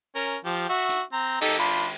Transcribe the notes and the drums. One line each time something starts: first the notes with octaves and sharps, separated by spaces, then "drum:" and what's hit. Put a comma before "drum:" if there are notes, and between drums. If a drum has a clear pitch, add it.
C#4 A#4
F3 G4
F#4 E5
drum: hi-hat
C4 A#5
D#4 G4 A4, drum: cymbal
D4 F4 B5